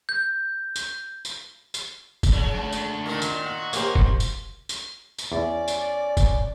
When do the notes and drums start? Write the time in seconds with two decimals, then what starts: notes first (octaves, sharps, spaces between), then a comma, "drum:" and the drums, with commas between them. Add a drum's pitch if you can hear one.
0.09 G6
0.76 drum: tambourine
1.25 drum: tambourine
1.74 drum: tambourine
2.23 drum: kick, tambourine
2.33 C#3 F#3
2.55 D4 F#4
2.72 drum: tambourine
3.06 A#2 D#3 A#3
3.22 drum: tambourine
3.46 F#4
3.73 A#3 C#4 G4 C5, drum: tambourine
3.95 drum: kick
4.20 drum: tambourine
4.69 drum: tambourine
5.18 drum: tambourine
5.32 E2 C#4 D5 D6
5.68 drum: tambourine
6.17 drum: kick, tambourine